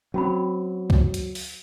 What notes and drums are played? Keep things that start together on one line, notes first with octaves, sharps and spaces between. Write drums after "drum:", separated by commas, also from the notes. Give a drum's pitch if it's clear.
F#3 C4 C#4 F#4 B5
drum: kick C#2
drum: hi-hat
drum: open hi-hat